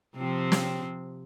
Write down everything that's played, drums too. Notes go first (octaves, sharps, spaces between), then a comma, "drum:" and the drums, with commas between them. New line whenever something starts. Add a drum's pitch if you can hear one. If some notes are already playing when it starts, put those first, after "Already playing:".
C3 F3 C4
drum: snare